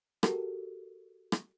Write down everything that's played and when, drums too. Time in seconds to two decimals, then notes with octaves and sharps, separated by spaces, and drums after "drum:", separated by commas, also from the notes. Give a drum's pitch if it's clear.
0.23 F#4 G4 A4 A#4, drum: rim click
1.32 drum: rim click